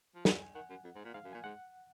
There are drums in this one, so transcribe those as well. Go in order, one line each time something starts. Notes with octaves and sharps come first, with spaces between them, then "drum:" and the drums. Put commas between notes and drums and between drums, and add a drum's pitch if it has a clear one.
F3
F#3 G#5, drum: snare
D#3 F#5
F#2
F2
G#2
A#2
G#2 F5
F#2
A#2 G#5
G#2 F#5